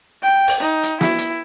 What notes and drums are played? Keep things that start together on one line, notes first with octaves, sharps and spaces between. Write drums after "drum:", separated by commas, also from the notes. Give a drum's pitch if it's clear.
G5
drum: open hi-hat
D#4
drum: hi-hat
E4, drum: snare
drum: hi-hat